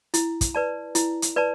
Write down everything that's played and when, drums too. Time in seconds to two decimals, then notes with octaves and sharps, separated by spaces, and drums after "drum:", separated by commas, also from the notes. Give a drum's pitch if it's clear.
0.14 E4, drum: hi-hat
0.41 drum: kick, hi-hat
0.55 B4 D5 A5
0.95 E4, drum: hi-hat
1.22 drum: hi-hat
1.36 B4 D5 A5